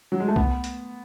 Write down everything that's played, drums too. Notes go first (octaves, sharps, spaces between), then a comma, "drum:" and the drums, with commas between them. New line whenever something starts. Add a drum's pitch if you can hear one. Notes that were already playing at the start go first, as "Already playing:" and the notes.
F#3
G#3
A3
B3, drum: kick C2
drum: hi-hat